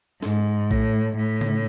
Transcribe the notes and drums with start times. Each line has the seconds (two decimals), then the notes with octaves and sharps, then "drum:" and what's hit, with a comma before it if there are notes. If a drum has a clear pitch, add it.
0.22 G#2, drum: snare
0.71 A2, drum: kick A#1
1.18 A2
1.41 drum: tom C#3